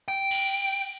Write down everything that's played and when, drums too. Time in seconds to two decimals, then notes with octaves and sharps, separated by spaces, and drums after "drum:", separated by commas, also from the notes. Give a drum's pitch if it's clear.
0.08 G5
0.31 drum: cymbal